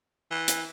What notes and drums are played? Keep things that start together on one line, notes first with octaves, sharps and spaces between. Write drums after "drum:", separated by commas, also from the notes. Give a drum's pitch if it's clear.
E3
drum: hi-hat